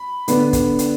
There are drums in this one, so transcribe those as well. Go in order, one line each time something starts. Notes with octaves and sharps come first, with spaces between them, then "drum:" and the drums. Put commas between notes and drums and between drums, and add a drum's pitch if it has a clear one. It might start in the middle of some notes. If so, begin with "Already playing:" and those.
Already playing: B5
D3 B3 D4, drum: hi-hat
drum: kick, hi-hat
drum: hi-hat